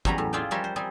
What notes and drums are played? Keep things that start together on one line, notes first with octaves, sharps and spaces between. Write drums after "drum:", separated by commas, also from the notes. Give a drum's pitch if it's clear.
E2 F#3 G3 C#4 A#5 B5, drum: kick
A2
F4 G#4 D5 E5 F5 G5
F3 G3 F4 A#4 C#5 E5
C5
G3 C4 G#4